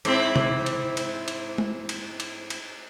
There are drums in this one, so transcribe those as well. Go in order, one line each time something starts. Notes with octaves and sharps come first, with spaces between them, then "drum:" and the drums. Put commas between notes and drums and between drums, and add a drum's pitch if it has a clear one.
G#2 C4 E4, drum: cymbal
drum: tom C3
drum: cymbal
drum: cymbal
drum: cymbal
drum: tom G#3
drum: cymbal
drum: cymbal
drum: cymbal